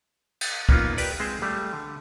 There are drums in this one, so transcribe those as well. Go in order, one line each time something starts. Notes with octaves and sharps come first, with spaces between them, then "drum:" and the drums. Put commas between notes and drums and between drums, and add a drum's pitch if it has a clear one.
drum: cymbal
A#3 B3 C#4 D#4 F4, drum: kick
G4 A#4 B4 D5, drum: open hi-hat
G#3 C4 C5
G3 A3
D3